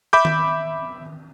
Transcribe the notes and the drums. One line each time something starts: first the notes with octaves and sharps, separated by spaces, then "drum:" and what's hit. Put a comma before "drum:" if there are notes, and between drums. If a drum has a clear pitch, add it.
E5 B5 D6 G6
drum: tom D#3